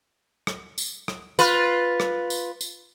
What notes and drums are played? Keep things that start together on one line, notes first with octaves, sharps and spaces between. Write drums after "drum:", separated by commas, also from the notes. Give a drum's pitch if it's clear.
drum: rim click
drum: tambourine
drum: rim click
F4 B4, drum: tambourine
drum: rim click
drum: tambourine
drum: tambourine